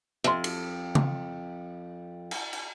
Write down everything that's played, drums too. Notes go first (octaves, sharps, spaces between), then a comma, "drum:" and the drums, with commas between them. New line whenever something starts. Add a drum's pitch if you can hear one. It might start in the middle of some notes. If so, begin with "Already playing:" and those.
F2 E5 C6
drum: cymbal
drum: tom
drum: cymbal
drum: cymbal